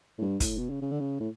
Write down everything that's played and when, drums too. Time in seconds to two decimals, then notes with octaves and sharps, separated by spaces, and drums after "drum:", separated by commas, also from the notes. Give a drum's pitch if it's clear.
0.18 A2
0.22 G2
0.40 A2, drum: kick, hi-hat
0.58 B2
0.70 C#3
0.81 C#3
0.91 D3
1.00 C#3
1.20 A2